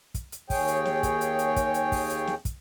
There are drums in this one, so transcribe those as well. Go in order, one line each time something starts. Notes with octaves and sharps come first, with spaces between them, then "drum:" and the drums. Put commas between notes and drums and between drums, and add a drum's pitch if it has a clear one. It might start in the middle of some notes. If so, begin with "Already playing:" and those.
drum: kick, hi-hat
drum: hi-hat
D#2 G#4 C#5 G5, drum: kick, open hi-hat
drum: hi-hat
drum: snare
drum: kick, hi-hat
drum: hi-hat
drum: hi-hat
drum: kick, hi-hat
drum: hi-hat
drum: kick, open hi-hat
drum: hi-hat
drum: snare
drum: kick, hi-hat